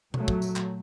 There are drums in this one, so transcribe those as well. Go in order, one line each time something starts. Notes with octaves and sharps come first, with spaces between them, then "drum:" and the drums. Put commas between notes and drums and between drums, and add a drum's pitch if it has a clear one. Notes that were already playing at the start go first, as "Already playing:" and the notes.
A#2 F#3 A3, drum: tom B2
drum: kick
drum: tambourine
drum: clap